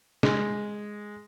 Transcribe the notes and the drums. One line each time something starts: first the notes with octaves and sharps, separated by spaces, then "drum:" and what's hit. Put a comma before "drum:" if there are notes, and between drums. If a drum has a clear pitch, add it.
G#3, drum: snare